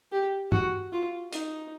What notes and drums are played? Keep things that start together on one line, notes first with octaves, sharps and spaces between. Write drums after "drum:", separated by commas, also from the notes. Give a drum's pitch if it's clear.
G4
F#4, drum: tom G2
F4
D#4, drum: hi-hat